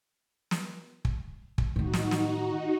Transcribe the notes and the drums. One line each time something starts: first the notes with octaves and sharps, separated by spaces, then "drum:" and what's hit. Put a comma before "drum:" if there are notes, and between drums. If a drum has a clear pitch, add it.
drum: snare
drum: kick
drum: kick
A2 D#3 D#4 F#4
drum: snare
drum: snare